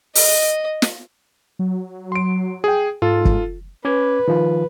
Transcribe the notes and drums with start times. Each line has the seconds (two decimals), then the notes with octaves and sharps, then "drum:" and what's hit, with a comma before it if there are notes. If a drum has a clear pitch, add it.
0.15 D#5, drum: open hi-hat
0.82 drum: snare
1.59 F#3
2.12 C6 D7
2.64 G#4 G5
3.02 G#2 F4 A4
3.25 drum: kick
3.85 C#4 B4 D6 G#6
4.28 D#3 F3 F4